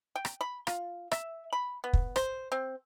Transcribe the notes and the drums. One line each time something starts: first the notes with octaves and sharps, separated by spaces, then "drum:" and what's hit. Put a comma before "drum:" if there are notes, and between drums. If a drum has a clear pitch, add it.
G5
drum: rim click
B5
F4, drum: rim click
E5, drum: rim click
B5
B3
drum: kick
C5, drum: rim click
C4